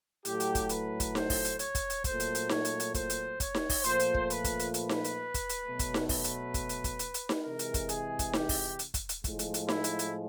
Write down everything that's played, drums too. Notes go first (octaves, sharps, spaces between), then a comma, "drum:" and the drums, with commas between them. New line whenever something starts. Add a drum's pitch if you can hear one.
A2 F#3 A3 G4, drum: hi-hat
drum: hi-hat
drum: kick, hi-hat
B4, drum: hi-hat
drum: kick, hi-hat
C5, drum: snare D#4
drum: kick, open hi-hat
drum: hi-hat
C#5, drum: hi-hat
drum: kick, hi-hat
drum: hi-hat
A#2 F#3 A3 C5, drum: kick, hi-hat
drum: hi-hat
drum: hi-hat
C#5, drum: snare D#4
drum: hi-hat
drum: hi-hat
C5, drum: kick, hi-hat
drum: hi-hat
C#5, drum: kick, hi-hat
drum: snare D#4
drum: kick, open hi-hat
A#2 F3 A3 C5, drum: hi-hat
drum: hi-hat
drum: kick
B4, drum: hi-hat
drum: kick, hi-hat
drum: hi-hat
B4, drum: hi-hat
drum: snare D#4
drum: hi-hat
drum: kick, hi-hat
drum: hi-hat
B2 F#3 A3
drum: kick, hi-hat
drum: snare D#4
B4, drum: kick, open hi-hat
drum: hi-hat
drum: kick, hi-hat
drum: hi-hat
drum: kick, hi-hat
drum: hi-hat
drum: hi-hat
drum: snare D#4
C3 E3 G#3 A#4
drum: hi-hat
drum: kick, hi-hat
G#4, drum: hi-hat
drum: kick, hi-hat
G4, drum: snare D#4
drum: kick, open hi-hat
drum: hi-hat
drum: kick, hi-hat
drum: hi-hat
A2 F3 G#3, drum: kick, hi-hat
drum: hi-hat
drum: hi-hat
E4, drum: snare D#4
drum: hi-hat
drum: hi-hat